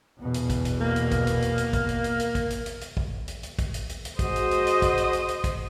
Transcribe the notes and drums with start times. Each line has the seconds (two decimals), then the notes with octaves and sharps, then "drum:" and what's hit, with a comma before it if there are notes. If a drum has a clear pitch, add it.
0.20 E2 B2
0.34 drum: hi-hat
0.50 drum: kick, hi-hat
0.65 drum: hi-hat
0.81 A#3
0.96 drum: hi-hat
1.11 drum: kick, hi-hat
1.27 drum: hi-hat
1.42 drum: hi-hat
1.58 drum: hi-hat
1.73 drum: kick, hi-hat
1.89 drum: hi-hat
2.04 drum: hi-hat
2.20 drum: hi-hat
2.35 drum: kick, hi-hat
2.50 drum: hi-hat
2.66 drum: hi-hat
2.81 drum: hi-hat
2.97 drum: kick
3.28 drum: hi-hat
3.43 drum: hi-hat
3.59 drum: kick, hi-hat
3.74 drum: hi-hat
3.89 drum: hi-hat
4.05 drum: hi-hat
4.19 G#3 F#4 C5 D#5, drum: kick, hi-hat
4.36 drum: hi-hat
4.51 drum: hi-hat
4.67 drum: hi-hat
4.82 drum: kick, hi-hat
4.98 drum: hi-hat
5.13 drum: hi-hat
5.28 drum: hi-hat
5.44 drum: kick, hi-hat